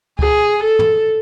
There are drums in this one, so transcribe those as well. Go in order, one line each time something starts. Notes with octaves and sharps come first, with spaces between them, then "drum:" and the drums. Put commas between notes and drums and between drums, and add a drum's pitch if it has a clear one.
G#4, drum: kick C#2
A4
drum: tom